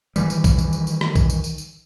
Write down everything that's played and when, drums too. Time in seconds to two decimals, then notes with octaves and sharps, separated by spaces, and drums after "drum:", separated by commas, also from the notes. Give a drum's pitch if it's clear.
0.16 D#3 E3 G3, drum: tambourine
0.30 drum: tambourine
0.44 drum: kick B1, tambourine
0.58 drum: tambourine
0.73 drum: tambourine
0.87 drum: tambourine
1.01 drum: rim click
1.15 drum: kick B1, tambourine
1.30 drum: tambourine
1.44 drum: tambourine
1.58 drum: tambourine